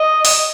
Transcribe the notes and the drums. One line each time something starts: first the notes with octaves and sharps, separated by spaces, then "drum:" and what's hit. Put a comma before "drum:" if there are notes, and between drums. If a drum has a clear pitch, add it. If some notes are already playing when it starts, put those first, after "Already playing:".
Already playing: D#5
drum: open hi-hat